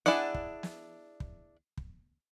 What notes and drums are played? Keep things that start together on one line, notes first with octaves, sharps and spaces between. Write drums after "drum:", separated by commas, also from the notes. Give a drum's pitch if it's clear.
D4 E4 G#4 D5 F#5, drum: snare
drum: kick
drum: snare
drum: kick
drum: kick